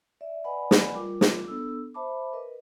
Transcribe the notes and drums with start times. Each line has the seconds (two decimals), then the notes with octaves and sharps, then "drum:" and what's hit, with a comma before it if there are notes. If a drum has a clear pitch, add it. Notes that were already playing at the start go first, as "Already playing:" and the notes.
0.21 D5 E5
0.44 B4 D5 D#5 F#5 G#5 B5
0.71 drum: snare
0.95 G3 F4 A#4 D6
1.21 drum: snare
1.48 B3 D4 A4 E6
1.94 C5 E5 A5 B5 D6
2.33 A#4 B4 D#5